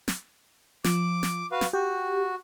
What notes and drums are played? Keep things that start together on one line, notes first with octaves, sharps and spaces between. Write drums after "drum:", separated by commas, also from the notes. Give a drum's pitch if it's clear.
drum: snare
F3 D6, drum: snare
drum: snare
F#4 B4 F5
drum: snare
F#4 G4